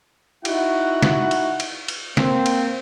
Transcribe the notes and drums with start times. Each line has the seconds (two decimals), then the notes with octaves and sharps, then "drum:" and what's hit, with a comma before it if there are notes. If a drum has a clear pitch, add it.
0.45 D#4 E4 F#4 F#5, drum: cymbal
1.03 drum: snare
1.31 drum: cymbal
1.60 drum: cymbal
1.88 drum: cymbal
2.17 A#3 C4, drum: snare
2.46 drum: cymbal